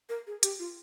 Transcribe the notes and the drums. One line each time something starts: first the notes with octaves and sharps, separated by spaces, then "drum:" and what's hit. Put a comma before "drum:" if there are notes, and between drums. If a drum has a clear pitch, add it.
A#4
G#4
G4, drum: hi-hat
F4